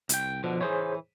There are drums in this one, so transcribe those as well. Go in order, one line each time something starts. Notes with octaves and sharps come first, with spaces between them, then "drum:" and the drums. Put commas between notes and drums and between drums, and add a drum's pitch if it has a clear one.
C2 G5, drum: hi-hat
B2 D3 F3
E3 G#4 C5 C#5